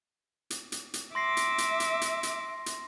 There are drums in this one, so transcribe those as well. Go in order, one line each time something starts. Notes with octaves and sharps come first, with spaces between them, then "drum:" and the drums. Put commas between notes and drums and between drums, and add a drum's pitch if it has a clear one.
drum: hi-hat
drum: hi-hat
drum: hi-hat
E5 C6 D6 A#6 C7
drum: hi-hat
drum: hi-hat
drum: hi-hat
drum: hi-hat
drum: hi-hat
drum: hi-hat